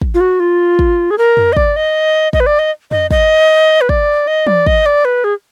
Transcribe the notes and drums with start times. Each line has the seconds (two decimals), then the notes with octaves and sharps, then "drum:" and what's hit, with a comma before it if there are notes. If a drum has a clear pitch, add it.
0.02 drum: kick
0.14 F4
0.20 F#4
0.40 F4
0.79 drum: kick
1.11 G#4
1.18 A#4
1.37 drum: tom F2
1.53 D#5
1.57 D5, drum: kick
1.76 D#5
2.33 D#5, drum: kick
2.40 B4
2.46 D5
2.59 D#5
2.91 D#5, drum: tom F2
3.11 D#5, drum: kick
3.81 B4
3.89 D5, drum: kick
4.27 D#5
4.47 D5, drum: tom
4.67 D#5, drum: kick
4.86 D5
5.05 B4
5.24 G#4